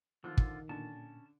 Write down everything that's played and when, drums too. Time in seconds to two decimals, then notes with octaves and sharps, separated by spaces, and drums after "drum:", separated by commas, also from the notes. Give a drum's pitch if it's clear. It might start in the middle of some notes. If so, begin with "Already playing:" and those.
0.24 D3 D#3 F3 D4 F4
0.37 drum: kick
0.69 A#2 D3 C#4 A5